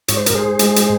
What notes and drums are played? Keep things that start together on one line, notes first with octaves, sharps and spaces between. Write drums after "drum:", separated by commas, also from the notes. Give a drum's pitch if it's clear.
G#2 C#5, drum: hi-hat
C5
A#4, drum: hi-hat
G#2 G#4 C5
G#3, drum: hi-hat
drum: hi-hat